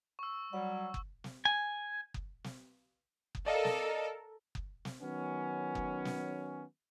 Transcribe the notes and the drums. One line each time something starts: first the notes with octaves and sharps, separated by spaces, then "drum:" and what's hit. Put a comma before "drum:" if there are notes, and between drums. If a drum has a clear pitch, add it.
C#6 E6
F#3 G3 F#5
drum: kick F#1
drum: snare
G#5
drum: kick F#1
drum: snare
drum: kick F#1
A4 A#4 D5 D#5 F5
drum: snare
drum: kick F#1
drum: snare
D#3 F#3 B3 C#4
drum: kick F#1
drum: snare